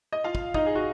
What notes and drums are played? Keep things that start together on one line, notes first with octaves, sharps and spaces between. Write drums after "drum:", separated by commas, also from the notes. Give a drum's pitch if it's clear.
D#5
F4 F5
drum: kick
D#4 D#5, drum: kick
G#4
F#4